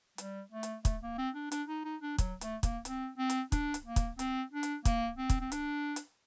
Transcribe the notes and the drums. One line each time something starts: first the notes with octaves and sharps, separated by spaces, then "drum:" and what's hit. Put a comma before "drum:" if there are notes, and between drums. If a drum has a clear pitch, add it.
G3, drum: hi-hat
A3
drum: hi-hat
A3, drum: kick, hi-hat
A#3
C4
D4
D4, drum: hi-hat
D#4
D#4
D4
F#3, drum: kick, hi-hat
A3, drum: hi-hat
A#3, drum: kick, hi-hat
C4, drum: hi-hat
C4
drum: hi-hat
D4, drum: kick, hi-hat
drum: hi-hat
A#3
drum: kick, hi-hat
C4, drum: hi-hat
D4
drum: hi-hat
A#3, drum: kick, hi-hat
C4
drum: kick, hi-hat
C4
D4, drum: hi-hat
drum: hi-hat